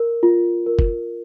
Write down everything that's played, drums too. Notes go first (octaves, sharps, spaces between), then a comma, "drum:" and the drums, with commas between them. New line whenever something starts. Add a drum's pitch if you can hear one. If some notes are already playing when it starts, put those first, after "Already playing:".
Already playing: A#4
F4
A#4
drum: kick